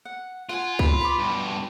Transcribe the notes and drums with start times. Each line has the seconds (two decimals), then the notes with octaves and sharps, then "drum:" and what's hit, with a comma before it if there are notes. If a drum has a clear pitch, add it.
0.05 F#5
0.49 F4 F#5 G#5
0.79 B5, drum: kick C2
1.01 B4 B5 D6
1.19 G2 B2